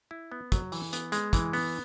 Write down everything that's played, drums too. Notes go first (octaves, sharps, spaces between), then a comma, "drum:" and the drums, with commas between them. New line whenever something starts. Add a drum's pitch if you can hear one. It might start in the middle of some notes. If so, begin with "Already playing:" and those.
E4
B3
F#3, drum: kick, hi-hat
E3, drum: open hi-hat
B3, drum: hi-hat
G#3, drum: hi-hat
E3, drum: kick, hi-hat
B3, drum: open hi-hat